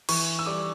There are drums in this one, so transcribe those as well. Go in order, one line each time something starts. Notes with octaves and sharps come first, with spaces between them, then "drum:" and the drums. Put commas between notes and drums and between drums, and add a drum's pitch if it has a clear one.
E3 C#6, drum: cymbal
E6
G3 D6